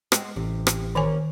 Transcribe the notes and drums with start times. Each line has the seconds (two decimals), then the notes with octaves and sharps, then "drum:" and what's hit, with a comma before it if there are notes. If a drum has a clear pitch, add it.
0.12 G#3 B3 C4, drum: rim click
0.36 A1 C3
0.67 drum: rim click
0.95 D#3 A#3 C#4 D5 G#5